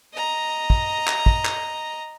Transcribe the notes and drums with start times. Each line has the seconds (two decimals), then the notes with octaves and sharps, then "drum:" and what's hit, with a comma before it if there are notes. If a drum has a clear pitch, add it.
0.14 D#5 A#5
0.70 drum: kick
1.07 drum: clap
1.26 drum: kick
1.45 drum: clap